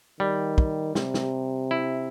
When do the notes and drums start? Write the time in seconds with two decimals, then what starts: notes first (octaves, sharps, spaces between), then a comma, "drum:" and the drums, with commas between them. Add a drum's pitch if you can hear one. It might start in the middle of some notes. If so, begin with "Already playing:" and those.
0.20 D#3 G3
0.58 drum: kick
0.95 C3, drum: snare
1.14 drum: snare
1.71 E4